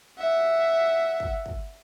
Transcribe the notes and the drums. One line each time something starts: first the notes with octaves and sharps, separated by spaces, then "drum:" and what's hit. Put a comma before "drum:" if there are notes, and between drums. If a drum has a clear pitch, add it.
E5 F#5
drum: kick
drum: kick